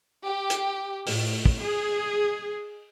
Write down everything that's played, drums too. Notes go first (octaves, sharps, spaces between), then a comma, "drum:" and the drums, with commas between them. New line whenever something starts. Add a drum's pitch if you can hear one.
G4
drum: hi-hat
A2, drum: open hi-hat
drum: kick
G#4